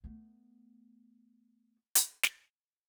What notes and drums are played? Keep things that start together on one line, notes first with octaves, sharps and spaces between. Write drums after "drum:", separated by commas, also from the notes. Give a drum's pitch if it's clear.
A3 B3
drum: hi-hat
drum: snare